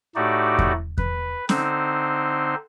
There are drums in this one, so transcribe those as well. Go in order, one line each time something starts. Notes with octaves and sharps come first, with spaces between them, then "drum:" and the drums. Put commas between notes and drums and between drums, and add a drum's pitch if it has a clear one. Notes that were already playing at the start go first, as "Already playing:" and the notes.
A2 A3 D#4 F#4 G4 D5
drum: kick E2
B4, drum: kick E2
D3 C4 D#4 C5, drum: snare C#4